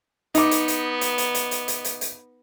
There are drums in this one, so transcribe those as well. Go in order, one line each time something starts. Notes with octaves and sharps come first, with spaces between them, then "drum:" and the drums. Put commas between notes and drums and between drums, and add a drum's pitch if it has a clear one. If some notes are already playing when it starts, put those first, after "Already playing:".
B3 D#4 D6, drum: hi-hat
drum: hi-hat
drum: hi-hat
drum: hi-hat
drum: hi-hat
drum: hi-hat
drum: hi-hat
drum: hi-hat
drum: hi-hat
drum: hi-hat